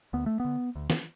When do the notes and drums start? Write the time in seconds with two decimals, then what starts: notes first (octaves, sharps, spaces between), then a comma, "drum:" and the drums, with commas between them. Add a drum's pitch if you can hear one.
0.13 D2 B3
0.26 A3
0.40 D3 B3
0.76 D2
0.90 drum: snare